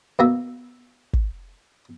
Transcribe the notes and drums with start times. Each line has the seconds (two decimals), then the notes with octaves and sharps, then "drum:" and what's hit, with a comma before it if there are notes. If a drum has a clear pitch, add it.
0.19 B2 A#3 E5
1.13 drum: kick